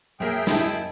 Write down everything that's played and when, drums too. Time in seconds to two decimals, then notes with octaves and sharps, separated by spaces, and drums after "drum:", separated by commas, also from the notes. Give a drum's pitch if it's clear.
0.20 F#2 A#3 G#4 E5 G5
0.47 E4 D#5 A5, drum: snare